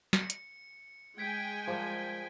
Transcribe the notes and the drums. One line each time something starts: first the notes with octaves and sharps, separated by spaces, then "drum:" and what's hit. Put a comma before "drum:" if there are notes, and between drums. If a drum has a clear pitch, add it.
C#7, drum: snare
drum: hi-hat
G#3 G5 G#5 G#6 B6 D7
F3 G3 A#4